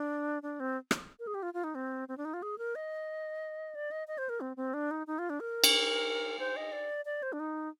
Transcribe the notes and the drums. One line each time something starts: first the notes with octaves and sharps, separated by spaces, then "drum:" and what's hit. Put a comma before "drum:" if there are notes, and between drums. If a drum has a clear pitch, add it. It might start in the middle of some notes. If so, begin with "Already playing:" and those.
Already playing: D4
D4
C4
drum: rim click
A#4
G#4
G4
F4
F4
D#4
C4
C4
D4
D#4
F4
G#4
A#4
D#5
D5
D#5
D#5
C5
A#4
C4
C4
D4
D#4
D#4
F4
D4
A#4
drum: cymbal
C5
D#5
D5
D5
C5
D4
D#4